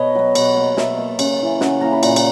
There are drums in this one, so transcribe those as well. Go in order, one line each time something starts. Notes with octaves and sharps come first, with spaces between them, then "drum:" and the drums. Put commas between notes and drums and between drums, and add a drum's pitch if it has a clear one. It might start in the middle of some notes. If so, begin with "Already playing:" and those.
Already playing: B2 B4 C#5 D#5
F#3 B3
B2, drum: cymbal
A#3
B2 E5, drum: snare
A#3
C#3, drum: cymbal
E3 A#3
C#3 F#5, drum: snare
E3 A#3 A#5
B5
A#2 A#5, drum: cymbal
drum: cymbal